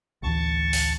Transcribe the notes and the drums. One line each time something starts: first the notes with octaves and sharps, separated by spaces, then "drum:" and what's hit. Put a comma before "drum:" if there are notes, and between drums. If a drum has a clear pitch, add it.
A1 D2 E3 A5 C#6
drum: open hi-hat